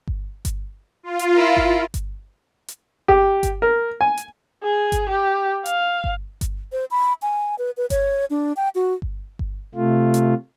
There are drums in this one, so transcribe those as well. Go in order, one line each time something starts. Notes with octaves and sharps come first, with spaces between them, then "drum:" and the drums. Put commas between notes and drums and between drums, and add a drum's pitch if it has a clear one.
drum: kick G1
drum: kick G1, hi-hat
F4
drum: hi-hat
E4 A#4
drum: kick G1
drum: kick G1, hi-hat
drum: hi-hat
G4, drum: kick G1
drum: kick G1, hi-hat
A#4
G#5
drum: hi-hat
G#4
drum: kick G1, hi-hat
G4
F5, drum: hi-hat
drum: kick G1
drum: kick G1, hi-hat
C5
B5
G#5
B4
B4
C#5, drum: kick G1, hi-hat
D4
G5
F#4
drum: kick G1
drum: kick G1
C3 A3 F4
drum: hi-hat